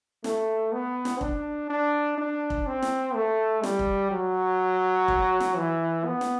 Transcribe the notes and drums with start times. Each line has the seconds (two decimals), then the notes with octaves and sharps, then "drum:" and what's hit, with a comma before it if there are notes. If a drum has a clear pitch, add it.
0.24 A3, drum: snare
0.73 B3
1.05 drum: snare
1.21 D4, drum: kick
1.70 D4
2.18 D4
2.50 drum: kick
2.66 C4
2.82 drum: snare
3.14 A3
3.63 G3, drum: snare
3.79 drum: kick
4.11 F#3
5.08 drum: kick
5.40 drum: snare
5.56 E3
6.05 B3
6.21 drum: snare